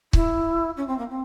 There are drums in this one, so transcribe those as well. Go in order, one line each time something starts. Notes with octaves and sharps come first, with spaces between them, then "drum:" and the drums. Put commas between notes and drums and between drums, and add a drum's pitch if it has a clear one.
E4, drum: kick C#1
C#4
C4
A#3
C4